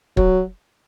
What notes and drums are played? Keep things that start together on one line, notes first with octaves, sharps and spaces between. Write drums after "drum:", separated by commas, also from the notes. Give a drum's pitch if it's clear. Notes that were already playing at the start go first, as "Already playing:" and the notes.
F#3, drum: kick